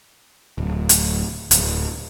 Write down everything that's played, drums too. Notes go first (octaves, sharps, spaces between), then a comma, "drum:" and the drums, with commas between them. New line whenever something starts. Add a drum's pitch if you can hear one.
D1
drum: hi-hat
D1, drum: hi-hat